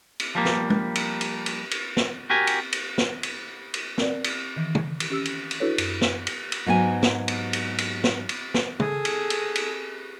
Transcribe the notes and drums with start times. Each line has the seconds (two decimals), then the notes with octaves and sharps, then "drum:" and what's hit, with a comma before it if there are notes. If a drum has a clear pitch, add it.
0.20 drum: cymbal
0.35 F3 G3 A#3
0.45 drum: snare
0.70 drum: tom
0.95 drum: cymbal
1.21 drum: cymbal
1.46 drum: cymbal
1.71 drum: cymbal
1.97 drum: snare
2.30 F#4 G4 A#4 G#5
2.47 drum: cymbal
2.73 drum: cymbal
2.98 drum: snare
3.23 drum: cymbal
3.74 drum: cymbal
3.98 C4 A#4 D5, drum: snare
4.24 drum: cymbal
4.56 D#3 E3
4.75 drum: tom
5.00 drum: cymbal
5.10 C#4 G4 E6
5.26 drum: cymbal
5.51 drum: cymbal
5.60 D4 E4 F#4 A4 B4 C#5
5.78 F#2, drum: cymbal
6.01 drum: snare
6.27 drum: cymbal
6.52 drum: cymbal
6.66 G#2 F#3 B3 A4 G#5
7.03 drum: snare
7.28 drum: cymbal
7.53 drum: cymbal
7.78 drum: cymbal
8.04 drum: snare
8.29 drum: cymbal
8.54 drum: snare
8.80 G#4 A4, drum: tom
9.05 drum: cymbal
9.30 drum: cymbal
9.56 drum: cymbal